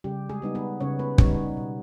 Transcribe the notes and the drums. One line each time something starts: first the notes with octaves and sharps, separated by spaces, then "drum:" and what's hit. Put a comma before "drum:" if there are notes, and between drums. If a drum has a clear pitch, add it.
C#3 G3 G4
G#3 G#4
G3 B3 D#4
B3 B4
C#3 C#4 C#5
B3 B4
G3 B3 C#4 D#4 C#5, drum: kick
D#4
B2